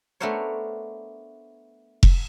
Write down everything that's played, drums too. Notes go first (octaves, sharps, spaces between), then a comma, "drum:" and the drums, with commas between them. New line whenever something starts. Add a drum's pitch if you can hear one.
A3 B3 D4 A#4 C5 C#5
drum: kick F1